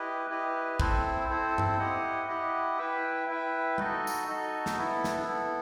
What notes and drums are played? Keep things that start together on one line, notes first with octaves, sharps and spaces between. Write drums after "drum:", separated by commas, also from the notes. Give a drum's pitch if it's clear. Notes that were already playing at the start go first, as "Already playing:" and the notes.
Already playing: E4 G4 B4 D#5
E4 G4 B4 D#5
C4 E4 A4 C5, drum: kick
C4 E4 A4 C5
drum: tom G2
E4 G4 D#5 F#5
E4 G4 D#5 F#5
E4 B4 E5 G5
E4 B4 E5 G5
D#4 F#4 A4 D#5, drum: tom G3
drum: tambourine
D#4 F#4 A4 D#5
drum: snare
B3 E4 A4
drum: snare
B3 E4 A4